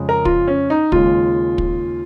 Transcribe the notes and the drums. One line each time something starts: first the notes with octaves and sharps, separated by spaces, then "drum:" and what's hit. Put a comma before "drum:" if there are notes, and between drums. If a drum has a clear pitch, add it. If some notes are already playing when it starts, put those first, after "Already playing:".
Already playing: F2 C#3 G#3
A#4
F4, drum: kick
C#4
D#4
D#2 C#3 G#3 F4, drum: kick
drum: kick